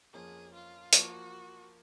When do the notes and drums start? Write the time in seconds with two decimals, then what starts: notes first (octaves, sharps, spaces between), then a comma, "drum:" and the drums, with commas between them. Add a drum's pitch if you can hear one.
0.13 F2 F3 A#3 C#4 G#4
0.54 F4
0.93 F3 A#3 F4 F#4, drum: hi-hat